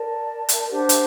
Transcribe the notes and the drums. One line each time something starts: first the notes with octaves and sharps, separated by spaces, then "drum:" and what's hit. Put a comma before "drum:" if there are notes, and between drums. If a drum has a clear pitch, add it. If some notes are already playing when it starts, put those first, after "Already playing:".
Already playing: A#4 D5 A5
drum: hi-hat
D4 G4 C5 F#5
drum: hi-hat